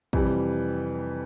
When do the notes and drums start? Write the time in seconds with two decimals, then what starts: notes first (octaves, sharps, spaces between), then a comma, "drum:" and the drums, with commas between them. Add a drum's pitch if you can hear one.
0.13 F2 C3 E3 G3, drum: kick